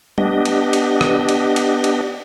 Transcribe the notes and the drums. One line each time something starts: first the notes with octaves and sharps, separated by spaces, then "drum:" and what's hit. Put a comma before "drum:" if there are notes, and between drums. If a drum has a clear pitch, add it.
B3 D4 G4 D#5, drum: tom G3
drum: cymbal
drum: cymbal
drum: rim click
drum: cymbal
drum: cymbal
drum: cymbal